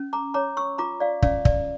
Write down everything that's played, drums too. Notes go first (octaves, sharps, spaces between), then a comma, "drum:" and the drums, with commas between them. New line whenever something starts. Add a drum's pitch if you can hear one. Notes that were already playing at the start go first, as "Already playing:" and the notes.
Already playing: C#4
A#5 D6
C#5 A#5 D6
C#6 E6
F4 A#5 D6
D5 F5
C#4 D5 F5, drum: kick
D5, drum: kick